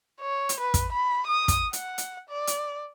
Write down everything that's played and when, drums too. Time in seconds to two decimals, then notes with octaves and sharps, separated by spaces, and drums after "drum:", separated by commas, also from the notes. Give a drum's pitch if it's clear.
0.21 C#5
0.49 drum: hi-hat
0.60 B4
0.74 drum: kick, hi-hat
0.93 B5
1.27 D#6
1.48 drum: kick, hi-hat
1.73 F#5, drum: hi-hat
1.98 drum: hi-hat
2.29 D5
2.47 drum: hi-hat